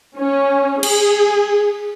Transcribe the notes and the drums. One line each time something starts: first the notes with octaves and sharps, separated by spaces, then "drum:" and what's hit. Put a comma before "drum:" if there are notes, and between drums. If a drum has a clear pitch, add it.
C#4
G#4, drum: cymbal